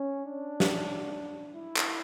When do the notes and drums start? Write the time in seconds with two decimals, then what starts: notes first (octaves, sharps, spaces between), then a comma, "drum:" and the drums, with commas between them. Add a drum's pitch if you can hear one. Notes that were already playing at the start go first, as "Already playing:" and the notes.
Already playing: C#4
0.22 D4
0.60 drum: snare
1.53 E4
1.77 drum: clap